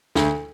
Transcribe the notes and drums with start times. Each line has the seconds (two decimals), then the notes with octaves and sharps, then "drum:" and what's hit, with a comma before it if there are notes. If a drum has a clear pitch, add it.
0.15 D2, drum: snare